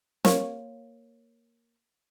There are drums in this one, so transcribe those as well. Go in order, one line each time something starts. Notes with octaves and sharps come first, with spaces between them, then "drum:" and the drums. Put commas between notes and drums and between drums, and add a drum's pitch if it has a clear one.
A#3 C#5, drum: snare